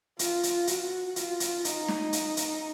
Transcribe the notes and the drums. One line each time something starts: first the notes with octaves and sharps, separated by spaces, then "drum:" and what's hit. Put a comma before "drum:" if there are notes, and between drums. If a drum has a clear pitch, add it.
F4, drum: hi-hat
drum: hi-hat
F#4, drum: hi-hat
F4, drum: hi-hat
drum: hi-hat
D#4, drum: hi-hat
drum: snare
drum: hi-hat
drum: hi-hat